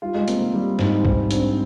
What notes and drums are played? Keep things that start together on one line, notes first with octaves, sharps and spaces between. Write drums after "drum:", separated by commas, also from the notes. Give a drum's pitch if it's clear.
G3 F4
G#3
A#3 C4, drum: hi-hat
A#3
G3
G#2, drum: snare
G#2 C4, drum: kick B1
C4 D4, drum: hi-hat